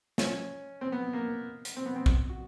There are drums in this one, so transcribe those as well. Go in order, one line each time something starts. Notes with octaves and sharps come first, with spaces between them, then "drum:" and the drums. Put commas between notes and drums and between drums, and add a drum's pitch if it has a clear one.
C#4, drum: snare
C4
B3
A#3
drum: hi-hat
C4
B3
C4
drum: kick
F#4